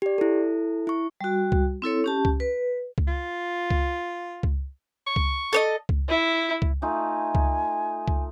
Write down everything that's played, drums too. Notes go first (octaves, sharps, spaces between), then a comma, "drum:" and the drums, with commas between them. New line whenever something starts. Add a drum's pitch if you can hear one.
G4 D5
E4 A4
E4 C#6
G3 F#4
drum: kick C#2
C4 E4 A4 C#5
C#4 G4 A5
drum: kick C#2
B4
drum: kick C#2
F4
drum: kick C#2
drum: kick C#2
C#6
drum: kick C#2
A4 C#5 D#5
drum: kick C#2
E4
drum: kick C#2
A3 D#4 F4 G#5
drum: kick C#2
drum: kick C#2